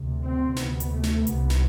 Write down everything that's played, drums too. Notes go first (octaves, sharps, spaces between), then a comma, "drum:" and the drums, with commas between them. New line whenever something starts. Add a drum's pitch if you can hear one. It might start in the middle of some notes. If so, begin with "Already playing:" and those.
Already playing: D2 C3
C4
D2 C3 B3, drum: snare
drum: hi-hat
A3
drum: snare
C2 C3 B3, drum: hi-hat
drum: snare